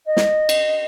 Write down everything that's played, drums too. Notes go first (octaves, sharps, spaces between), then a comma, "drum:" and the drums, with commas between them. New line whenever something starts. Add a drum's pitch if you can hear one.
D#5
drum: snare
drum: cymbal